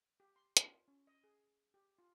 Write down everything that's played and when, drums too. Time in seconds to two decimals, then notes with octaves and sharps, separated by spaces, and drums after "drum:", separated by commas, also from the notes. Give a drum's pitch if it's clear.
0.20 G4
0.36 C6
0.57 F4, drum: hi-hat
0.88 C#4
1.07 D#5
1.24 G#4
1.74 G4
1.99 F4